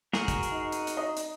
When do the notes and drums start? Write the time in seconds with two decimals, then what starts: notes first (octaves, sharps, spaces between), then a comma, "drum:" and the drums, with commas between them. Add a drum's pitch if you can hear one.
0.13 F#4 G#4 A#4, drum: snare
0.28 drum: kick, hi-hat
0.43 drum: hi-hat
0.52 D#4
0.72 drum: hi-hat
0.87 drum: hi-hat
0.97 D#5
1.17 drum: hi-hat